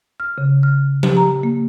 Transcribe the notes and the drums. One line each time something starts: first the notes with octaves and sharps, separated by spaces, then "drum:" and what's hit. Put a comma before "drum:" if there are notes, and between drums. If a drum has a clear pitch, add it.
F6
C#3
F6
G4, drum: tom F3
A#5
A#3